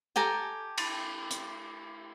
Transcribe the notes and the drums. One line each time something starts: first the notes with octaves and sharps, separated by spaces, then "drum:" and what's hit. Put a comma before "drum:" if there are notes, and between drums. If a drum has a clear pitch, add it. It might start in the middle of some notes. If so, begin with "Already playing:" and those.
G4 A4 G#5 A#5
drum: cymbal
drum: hi-hat